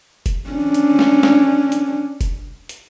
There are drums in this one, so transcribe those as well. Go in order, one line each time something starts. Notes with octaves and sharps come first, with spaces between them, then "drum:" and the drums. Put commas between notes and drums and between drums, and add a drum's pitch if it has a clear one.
drum: kick F1, hi-hat
C#4 D4
drum: hi-hat
drum: snare
drum: snare
drum: hi-hat
drum: kick F1, hi-hat
drum: hi-hat